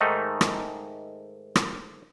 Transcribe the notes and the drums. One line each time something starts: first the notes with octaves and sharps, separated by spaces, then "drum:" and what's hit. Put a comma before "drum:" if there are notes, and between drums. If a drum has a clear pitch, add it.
G#2 D#3 A3 D#4
drum: rim click
drum: rim click